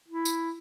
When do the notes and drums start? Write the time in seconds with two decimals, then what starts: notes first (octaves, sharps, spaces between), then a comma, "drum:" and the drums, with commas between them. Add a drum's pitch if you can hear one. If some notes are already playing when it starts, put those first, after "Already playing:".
0.08 E4
0.25 drum: tambourine